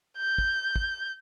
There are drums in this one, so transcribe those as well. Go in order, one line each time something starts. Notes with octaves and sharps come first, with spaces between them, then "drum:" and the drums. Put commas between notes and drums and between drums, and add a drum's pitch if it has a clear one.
G6
drum: kick
drum: kick